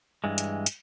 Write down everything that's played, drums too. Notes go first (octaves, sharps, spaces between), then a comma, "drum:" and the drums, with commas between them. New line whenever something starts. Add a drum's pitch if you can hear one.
G2 E3 G#3
drum: hi-hat
drum: hi-hat